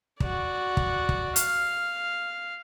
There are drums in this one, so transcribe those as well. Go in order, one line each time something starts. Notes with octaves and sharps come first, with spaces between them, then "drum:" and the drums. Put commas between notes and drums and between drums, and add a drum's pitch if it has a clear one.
F#4 D5, drum: kick
drum: kick
drum: kick
F5, drum: hi-hat